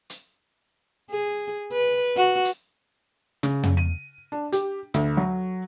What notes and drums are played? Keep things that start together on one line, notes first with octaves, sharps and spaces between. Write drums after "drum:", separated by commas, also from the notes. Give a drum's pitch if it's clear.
drum: hi-hat
G#4
B4
F#4
drum: hi-hat
C#3, drum: snare
drum: tom
D#7
D4
G4, drum: hi-hat
D2, drum: snare
F#3